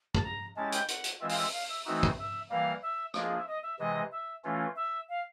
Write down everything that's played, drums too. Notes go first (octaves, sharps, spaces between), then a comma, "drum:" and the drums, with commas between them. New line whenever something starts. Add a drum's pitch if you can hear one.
A5, drum: kick
A#5
G#3 C#4 E4 G4 A5
G5, drum: hi-hat
F#5, drum: hi-hat
drum: hi-hat
E3 G#3 C4 F4 E5
F5, drum: open hi-hat
E5
F5
E5
E3 A3 C4 D#4 F#4 E5
drum: kick
E5
E3 G3 A#3 F5
E5
F3 A#3 D4 F4 G#4 D#5, drum: rim click
E5
D#5
E5
C3 E3 G#3 D#5
E5
E3 A3 C#4 F4
E5
F5